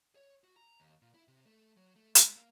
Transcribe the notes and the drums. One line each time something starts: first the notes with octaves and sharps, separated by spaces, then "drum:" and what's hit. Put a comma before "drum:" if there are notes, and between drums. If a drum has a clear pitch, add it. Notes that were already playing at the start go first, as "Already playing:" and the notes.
C#5
F#4
A#5
D#2
A#2
E4
C3
A3
F#3
A3
G#3, drum: hi-hat
A#3